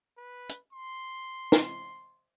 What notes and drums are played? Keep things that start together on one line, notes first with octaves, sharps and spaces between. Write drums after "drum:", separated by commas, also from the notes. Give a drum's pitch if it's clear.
B4
drum: hi-hat
C6
drum: snare